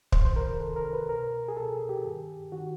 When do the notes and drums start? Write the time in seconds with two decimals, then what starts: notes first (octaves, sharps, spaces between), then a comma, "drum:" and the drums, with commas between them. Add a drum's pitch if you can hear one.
0.12 C2 C3 D#3 C5, drum: kick
0.25 C5
0.36 A#4
0.61 C2 C3 D#3 A4
0.76 A#4
0.93 B4
1.09 C#2 B2 A#4
1.48 G#4
1.57 C#2 B2 A4
1.72 G#4
1.89 G4
2.04 G2 D#3
2.52 D#3 F#4